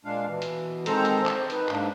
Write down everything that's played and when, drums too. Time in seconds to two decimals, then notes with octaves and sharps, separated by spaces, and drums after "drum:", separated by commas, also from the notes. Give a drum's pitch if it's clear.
0.05 A#2 G#3 D4 F5
0.27 B2 E3
0.42 drum: hi-hat
0.86 D#3 G#3 C4 A4 C5 A#5, drum: hi-hat
1.05 drum: hi-hat
1.26 A5, drum: clap
1.50 D#4 B4, drum: hi-hat
1.69 G#2 A#3 D4, drum: clap